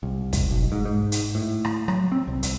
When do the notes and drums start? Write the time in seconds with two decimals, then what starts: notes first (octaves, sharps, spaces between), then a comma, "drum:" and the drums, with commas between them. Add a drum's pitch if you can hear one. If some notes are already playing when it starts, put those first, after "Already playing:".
0.03 C2
0.33 drum: kick, hi-hat
0.51 B1
0.72 G#2
0.85 G#2
1.12 drum: hi-hat
1.35 A2
1.65 drum: rim click
1.88 F#3, drum: rim click
2.12 C4
2.28 C2
2.43 C2, drum: hi-hat